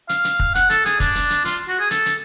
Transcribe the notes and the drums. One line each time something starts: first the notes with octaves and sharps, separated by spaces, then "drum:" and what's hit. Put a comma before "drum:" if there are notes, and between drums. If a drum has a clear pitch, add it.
F5, drum: hi-hat
drum: hi-hat
drum: kick
F#5, drum: hi-hat
A4, drum: hi-hat
G#4, drum: hi-hat
D4, drum: kick, hi-hat
drum: hi-hat
drum: hi-hat
F4, drum: hi-hat
F#4
G#4
A4, drum: hi-hat
drum: hi-hat